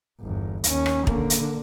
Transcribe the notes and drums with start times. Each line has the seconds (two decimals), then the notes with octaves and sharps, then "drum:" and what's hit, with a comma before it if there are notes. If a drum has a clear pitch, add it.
0.21 G1 E2
0.64 D#2 C#4, drum: hi-hat
0.86 drum: rim click
1.07 D3 A#3, drum: kick
1.30 drum: hi-hat